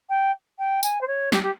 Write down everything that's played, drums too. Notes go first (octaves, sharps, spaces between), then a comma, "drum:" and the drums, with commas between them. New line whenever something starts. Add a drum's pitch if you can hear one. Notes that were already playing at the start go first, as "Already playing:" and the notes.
G5
G5
G#5, drum: tambourine
C5
C#5
G4, drum: snare
G4